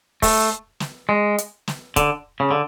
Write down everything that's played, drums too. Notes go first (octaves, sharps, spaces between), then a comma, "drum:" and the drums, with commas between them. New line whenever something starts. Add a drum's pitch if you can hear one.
A3, drum: kick, open hi-hat
drum: snare
G#3
drum: hi-hat
drum: snare
D3, drum: kick, hi-hat
C#3
D3